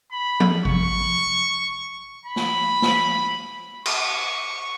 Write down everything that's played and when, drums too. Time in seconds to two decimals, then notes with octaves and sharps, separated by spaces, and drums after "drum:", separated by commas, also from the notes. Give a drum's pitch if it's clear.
0.11 B5
0.40 drum: tom F3
0.65 C#6, drum: kick G#1
2.25 B5
2.36 drum: snare
2.82 drum: snare
3.86 C#6, drum: cymbal